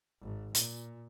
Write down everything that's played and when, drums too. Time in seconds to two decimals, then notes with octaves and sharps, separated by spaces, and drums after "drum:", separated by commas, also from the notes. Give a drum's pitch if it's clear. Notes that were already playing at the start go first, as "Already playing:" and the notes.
0.21 G#1
0.55 A#2, drum: hi-hat